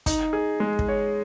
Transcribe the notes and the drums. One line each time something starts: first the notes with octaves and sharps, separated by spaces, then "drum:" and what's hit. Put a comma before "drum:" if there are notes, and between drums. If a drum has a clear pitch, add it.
D#4, drum: kick, hi-hat
G#4
G#3
drum: kick
C#5